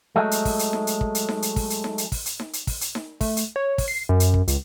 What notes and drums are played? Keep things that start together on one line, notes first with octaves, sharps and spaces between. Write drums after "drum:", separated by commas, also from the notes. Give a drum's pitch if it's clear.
F#3 G#3 A3
drum: hi-hat
drum: kick, open hi-hat
drum: hi-hat
drum: snare D#4
drum: hi-hat
drum: kick
drum: hi-hat
drum: snare D#4
drum: hi-hat
drum: kick, open hi-hat
drum: hi-hat
drum: snare D#4
drum: hi-hat
drum: kick, open hi-hat
drum: hi-hat
drum: snare D#4
drum: hi-hat
drum: kick, open hi-hat
drum: hi-hat
drum: snare D#4
A3, drum: kick, open hi-hat
drum: hi-hat
C#5
drum: kick, open hi-hat
C7
F#2
drum: hi-hat
drum: kick
C#2, drum: hi-hat